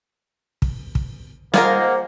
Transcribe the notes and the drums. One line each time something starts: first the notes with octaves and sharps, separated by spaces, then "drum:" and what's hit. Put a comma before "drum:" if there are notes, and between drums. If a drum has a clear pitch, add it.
drum: kick
drum: kick
A#3 F4 G#4 A#4 C5 D#5 F#5, drum: snare